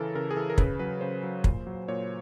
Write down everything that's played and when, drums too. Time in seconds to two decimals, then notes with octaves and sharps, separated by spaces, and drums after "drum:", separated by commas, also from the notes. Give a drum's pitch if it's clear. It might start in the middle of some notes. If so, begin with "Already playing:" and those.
Already playing: C#3 E3 A4 A#4
0.15 C#3 A#4
0.31 G#4
0.36 E3 A4
0.50 A#4
0.58 C#3 B4, drum: kick
0.79 F#3 B4
1.01 C#3 C5
1.23 F#3
1.44 A#2, drum: kick
1.67 F#3
1.88 A#2 C#5